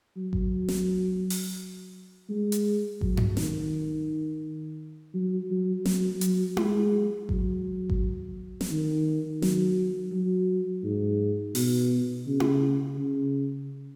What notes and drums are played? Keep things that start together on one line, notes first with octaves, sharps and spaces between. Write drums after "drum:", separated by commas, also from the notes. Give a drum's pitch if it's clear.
F#3
drum: kick G#1
drum: snare
drum: open hi-hat
G#3
drum: hi-hat
F#3, drum: kick G#1
drum: tom G2
D#3, drum: snare
F#3
F#3
F#3, drum: snare
F#3, drum: hi-hat
G#3, drum: tom E4
F#3, drum: kick G#1
drum: kick G#1
drum: snare
D#3
F#3, drum: snare
F#3
G#2
B2, drum: open hi-hat
C#3
drum: tom E4
C#3